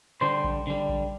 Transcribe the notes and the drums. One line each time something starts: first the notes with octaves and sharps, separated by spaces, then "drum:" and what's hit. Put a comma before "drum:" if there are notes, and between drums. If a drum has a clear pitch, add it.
D3 G3 C5
drum: kick A#1
D3 G3
drum: kick A#1